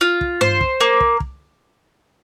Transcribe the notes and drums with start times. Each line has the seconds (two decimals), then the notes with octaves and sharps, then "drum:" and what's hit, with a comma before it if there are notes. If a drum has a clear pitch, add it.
0.01 F4
0.21 drum: kick
0.41 C5, drum: tom G2
0.61 drum: kick
0.81 A#3
1.00 drum: kick
1.20 drum: kick